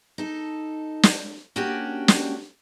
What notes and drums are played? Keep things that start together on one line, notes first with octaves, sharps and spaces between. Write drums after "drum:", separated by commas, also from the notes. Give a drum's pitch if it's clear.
D#4 A4
drum: snare
A#3 C#4 D4 F#4 G4
drum: snare